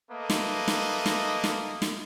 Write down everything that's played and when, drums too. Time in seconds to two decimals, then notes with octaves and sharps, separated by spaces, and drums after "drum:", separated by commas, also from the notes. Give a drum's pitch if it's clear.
0.11 A3 A#3 B4 D#5
0.30 drum: snare
0.68 drum: snare
1.06 drum: snare
1.44 drum: snare
1.82 drum: snare